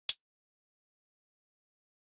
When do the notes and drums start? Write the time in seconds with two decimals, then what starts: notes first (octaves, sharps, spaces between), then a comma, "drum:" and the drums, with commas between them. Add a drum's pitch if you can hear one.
0.09 D3 A3 D4 A4, drum: hi-hat